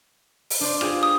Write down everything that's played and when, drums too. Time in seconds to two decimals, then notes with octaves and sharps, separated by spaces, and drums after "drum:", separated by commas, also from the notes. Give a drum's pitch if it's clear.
0.50 drum: open hi-hat
0.61 D4 C5 D5
0.81 F4 G4 G#4, drum: rim click
1.03 D#6